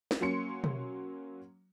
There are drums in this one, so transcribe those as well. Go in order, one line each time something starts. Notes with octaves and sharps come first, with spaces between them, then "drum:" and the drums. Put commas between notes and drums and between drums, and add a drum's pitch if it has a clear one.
drum: snare
F#3 A#3 C#4 C6 C#7
drum: tom B2